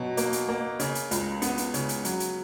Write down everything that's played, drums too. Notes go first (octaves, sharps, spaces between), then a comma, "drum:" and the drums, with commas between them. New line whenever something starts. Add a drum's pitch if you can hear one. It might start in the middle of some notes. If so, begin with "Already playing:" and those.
Already playing: B2 F#3
A#3, drum: hi-hat
drum: hi-hat
A#3
C#3, drum: hi-hat
drum: hi-hat
C#2, drum: hi-hat
B3, drum: hi-hat
drum: hi-hat
C#3, drum: hi-hat
drum: hi-hat
F#3, drum: hi-hat
drum: hi-hat